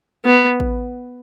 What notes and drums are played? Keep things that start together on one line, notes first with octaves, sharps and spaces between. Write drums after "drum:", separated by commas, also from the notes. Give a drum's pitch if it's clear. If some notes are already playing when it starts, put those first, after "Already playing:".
B3
drum: kick A1